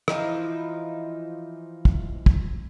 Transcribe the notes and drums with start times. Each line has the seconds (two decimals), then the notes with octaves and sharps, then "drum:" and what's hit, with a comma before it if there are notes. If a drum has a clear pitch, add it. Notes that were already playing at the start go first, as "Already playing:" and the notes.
0.08 E3 F3 D#4 E4, drum: rim click
1.85 drum: kick
2.26 drum: kick